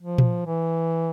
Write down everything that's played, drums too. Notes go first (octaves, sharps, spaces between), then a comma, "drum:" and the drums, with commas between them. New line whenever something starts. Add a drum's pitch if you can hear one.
F3
drum: tom A#2
E3